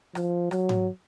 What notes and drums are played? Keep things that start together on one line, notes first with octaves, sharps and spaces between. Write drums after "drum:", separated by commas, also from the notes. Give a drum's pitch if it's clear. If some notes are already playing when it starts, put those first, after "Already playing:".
F3, drum: rim click
F#3, drum: rim click
drum: tom G#2